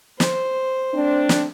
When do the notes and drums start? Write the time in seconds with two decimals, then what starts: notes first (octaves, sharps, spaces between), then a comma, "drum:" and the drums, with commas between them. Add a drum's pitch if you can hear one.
0.20 C5, drum: snare
0.93 A3 C4 D4
1.29 drum: snare